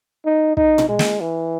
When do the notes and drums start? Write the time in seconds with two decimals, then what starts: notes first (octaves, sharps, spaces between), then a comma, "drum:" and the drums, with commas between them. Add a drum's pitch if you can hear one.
0.25 D#4
0.57 D#4, drum: kick
0.78 drum: tom A#2
0.89 G#3
0.99 drum: snare
1.21 E3